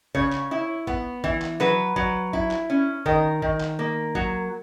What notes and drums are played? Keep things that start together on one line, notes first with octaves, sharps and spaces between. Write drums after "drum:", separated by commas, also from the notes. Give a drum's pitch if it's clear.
C#3 C#5, drum: kick
drum: clap
E4
B3, drum: kick
E3, drum: kick
drum: clap
F#3 B4
F#3, drum: kick
E4, drum: kick
drum: clap
C#4
D#3 A#4, drum: kick
D#3, drum: kick
drum: clap
A#3
F#3, drum: kick